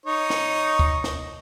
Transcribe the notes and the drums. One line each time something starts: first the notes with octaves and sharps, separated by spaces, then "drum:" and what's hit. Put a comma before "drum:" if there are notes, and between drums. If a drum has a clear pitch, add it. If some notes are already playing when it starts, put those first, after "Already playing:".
D#4 C#5
drum: snare
drum: kick
drum: snare